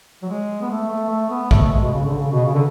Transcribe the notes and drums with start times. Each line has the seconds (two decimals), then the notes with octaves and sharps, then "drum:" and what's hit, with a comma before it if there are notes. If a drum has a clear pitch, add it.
0.22 F#3
0.29 G#3
0.61 B3
0.70 A3
0.90 A3
1.10 A3
1.30 B3
1.51 A3, drum: kick A1
1.62 A3
1.71 G#3
1.82 B2
1.92 C#3
2.05 D3
2.19 C#3
2.32 B2
2.45 C#3
2.54 D3